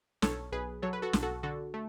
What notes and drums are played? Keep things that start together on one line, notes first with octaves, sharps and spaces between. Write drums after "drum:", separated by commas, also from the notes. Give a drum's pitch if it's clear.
B1 A4 C#5, drum: snare
B1 G#4 B4
F#3 A4 C#5
B4
F#4 A4
B1, drum: snare
F#4 A4
D3 F#4 A4
A3